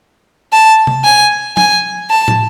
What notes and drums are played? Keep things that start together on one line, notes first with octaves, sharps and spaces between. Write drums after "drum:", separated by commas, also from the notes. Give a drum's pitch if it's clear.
A5
drum: tom C3
G#5
G#5, drum: tom F3
A5
drum: tom